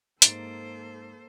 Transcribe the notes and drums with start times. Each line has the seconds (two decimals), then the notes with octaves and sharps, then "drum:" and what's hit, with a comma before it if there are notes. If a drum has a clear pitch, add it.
0.22 G#2 A#3 A4 C5 A6 D7, drum: hi-hat